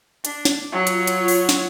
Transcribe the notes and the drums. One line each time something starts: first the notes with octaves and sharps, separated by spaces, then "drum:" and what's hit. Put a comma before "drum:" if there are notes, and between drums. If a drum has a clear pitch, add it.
D4, drum: hi-hat
drum: snare
F#3 F4 C#5
drum: hi-hat
drum: hi-hat
drum: open hi-hat
drum: snare